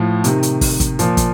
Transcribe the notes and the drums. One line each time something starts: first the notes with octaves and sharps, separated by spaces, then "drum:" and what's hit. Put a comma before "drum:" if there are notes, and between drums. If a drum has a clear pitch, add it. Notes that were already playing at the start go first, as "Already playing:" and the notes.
Already playing: A2 F3
C3 D#3, drum: hi-hat
drum: hi-hat
drum: kick, open hi-hat
drum: kick, hi-hat
A#2 F3, drum: hi-hat
drum: kick, hi-hat